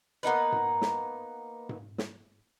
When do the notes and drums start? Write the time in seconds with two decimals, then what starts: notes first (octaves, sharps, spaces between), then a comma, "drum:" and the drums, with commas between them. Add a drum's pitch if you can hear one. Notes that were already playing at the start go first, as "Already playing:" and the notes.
0.23 A#3 B3 D#4 B4
0.52 drum: tom G#2
0.82 drum: snare
1.69 drum: tom G#2
1.98 drum: snare